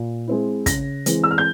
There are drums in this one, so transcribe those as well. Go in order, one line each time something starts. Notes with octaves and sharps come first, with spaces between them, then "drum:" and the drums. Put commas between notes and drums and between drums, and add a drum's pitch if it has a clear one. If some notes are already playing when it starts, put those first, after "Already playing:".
Already playing: A#2
G#3 C4 E4
C#3 A#6, drum: kick, hi-hat
E3 G#3 C4, drum: hi-hat
E6
F6
G6